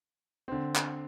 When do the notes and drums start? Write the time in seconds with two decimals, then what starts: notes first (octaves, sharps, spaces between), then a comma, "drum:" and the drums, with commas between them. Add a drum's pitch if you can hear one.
0.48 D3 C4
0.76 drum: clap